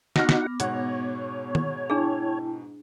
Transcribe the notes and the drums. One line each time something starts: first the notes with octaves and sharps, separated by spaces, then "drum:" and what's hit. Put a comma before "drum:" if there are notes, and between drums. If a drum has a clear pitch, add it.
B3 D#4 F#4 F#5 D6 F6 A#6, drum: snare
drum: snare
G#2 B2 C#5 F#5, drum: hi-hat
drum: tom D#3
D4 E4 G#4 G5 A5